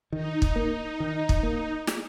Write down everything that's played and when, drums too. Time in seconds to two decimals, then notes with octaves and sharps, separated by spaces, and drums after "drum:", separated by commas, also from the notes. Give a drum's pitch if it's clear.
0.12 D#3 D#4
0.42 drum: kick
0.56 A#3
1.00 D#3
1.29 drum: kick
1.43 A#3
1.87 drum: snare